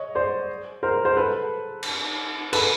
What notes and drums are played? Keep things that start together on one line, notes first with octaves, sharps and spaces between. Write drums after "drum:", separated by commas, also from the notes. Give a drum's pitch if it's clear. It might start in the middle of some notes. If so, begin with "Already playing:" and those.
Already playing: C#5 D#5
C5 D5
A#4 C5
C5
A4 B4
drum: cymbal
A4 B4, drum: cymbal